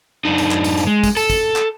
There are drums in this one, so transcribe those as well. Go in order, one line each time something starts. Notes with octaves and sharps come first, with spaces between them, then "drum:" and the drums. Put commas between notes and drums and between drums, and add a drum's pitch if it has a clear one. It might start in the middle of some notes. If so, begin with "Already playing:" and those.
F#2 D4 D#4 D#5
drum: tambourine
drum: clap
drum: tambourine
drum: tambourine
G#3
drum: kick, tambourine
A4, drum: tambourine
drum: kick, tambourine
drum: clap